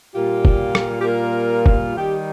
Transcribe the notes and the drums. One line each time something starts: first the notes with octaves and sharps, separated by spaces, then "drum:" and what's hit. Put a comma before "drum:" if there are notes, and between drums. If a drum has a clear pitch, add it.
A#2 G3 A#3 F4 G4
drum: kick
drum: rim click
G4
A#3 A#4
drum: kick
D#3 G3 D#4 G4